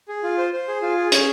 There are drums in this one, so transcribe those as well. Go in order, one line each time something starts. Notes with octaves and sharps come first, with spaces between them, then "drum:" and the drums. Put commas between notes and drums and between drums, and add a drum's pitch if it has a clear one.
G#4
F4
C5
C5
G#4
F4
G#4
C#4, drum: hi-hat